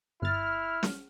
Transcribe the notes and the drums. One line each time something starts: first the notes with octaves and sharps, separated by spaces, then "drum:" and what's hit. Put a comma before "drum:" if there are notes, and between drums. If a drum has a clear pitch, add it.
G1 E4 F6 A6
drum: snare